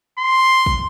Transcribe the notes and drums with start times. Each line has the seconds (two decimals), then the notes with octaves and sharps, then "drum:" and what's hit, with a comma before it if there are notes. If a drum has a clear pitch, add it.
0.19 C6
0.66 drum: kick